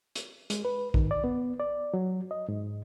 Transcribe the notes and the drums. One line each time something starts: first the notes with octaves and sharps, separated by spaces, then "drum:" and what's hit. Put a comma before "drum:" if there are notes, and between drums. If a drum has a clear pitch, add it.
drum: hi-hat
G#3, drum: hi-hat
B4
D#3, drum: kick
D5
B3
D5
F#3
D#5
G#2